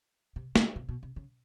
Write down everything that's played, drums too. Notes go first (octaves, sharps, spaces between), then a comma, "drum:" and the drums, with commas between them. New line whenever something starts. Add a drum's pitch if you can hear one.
C3
C#3, drum: snare
C3
B2
C3
C#3